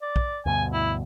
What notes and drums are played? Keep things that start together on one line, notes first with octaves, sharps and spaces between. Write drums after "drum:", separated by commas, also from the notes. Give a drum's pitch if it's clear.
D5
drum: kick
D2 G2 B2 G#5
E4